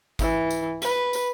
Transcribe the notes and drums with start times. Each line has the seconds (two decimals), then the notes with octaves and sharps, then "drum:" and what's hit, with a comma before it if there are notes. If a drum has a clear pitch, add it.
0.19 E3, drum: kick G#1, tambourine
0.51 drum: tambourine
0.82 B4, drum: tambourine
1.13 drum: tambourine